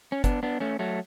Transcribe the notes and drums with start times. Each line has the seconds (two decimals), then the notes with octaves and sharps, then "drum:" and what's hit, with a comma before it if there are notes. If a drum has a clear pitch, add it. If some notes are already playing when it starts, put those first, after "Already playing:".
0.12 C#4
0.24 B3 D4, drum: kick, hi-hat
0.43 B3 D4
0.60 A3 C#4
0.79 F#3 A3